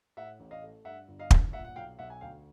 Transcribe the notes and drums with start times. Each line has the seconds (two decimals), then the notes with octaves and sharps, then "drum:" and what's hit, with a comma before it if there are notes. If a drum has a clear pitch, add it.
0.17 A2 E5 F#5
0.40 A1
0.51 D#5 F5
0.62 A3
0.85 G2 E5 F#5
1.08 G1
1.19 D#5 F5
1.31 G1, drum: kick
1.53 A#2 E5 F#5
1.64 F#5
1.76 B1 F5 G5
1.99 B1 E5 F#5
2.10 G#5
2.21 D2 F5 G5